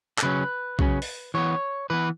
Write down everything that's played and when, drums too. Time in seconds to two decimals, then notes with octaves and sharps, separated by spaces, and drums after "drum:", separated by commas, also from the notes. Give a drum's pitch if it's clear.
0.18 A4, drum: clap
0.23 C#3 F#3 C#4 B4
0.79 C#3 F#3 C#4, drum: kick
1.02 drum: open hi-hat
1.34 E3 B3 C#5
1.90 E3 B3 B4